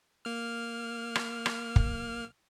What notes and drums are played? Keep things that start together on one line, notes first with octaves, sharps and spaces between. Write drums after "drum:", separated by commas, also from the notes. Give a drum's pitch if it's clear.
A#3 F6
drum: rim click
drum: rim click
drum: kick